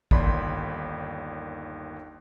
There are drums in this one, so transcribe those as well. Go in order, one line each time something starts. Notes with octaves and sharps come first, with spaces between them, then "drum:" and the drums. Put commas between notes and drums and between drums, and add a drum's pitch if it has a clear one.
G1 D#2 D#3 D5 B5 C6, drum: kick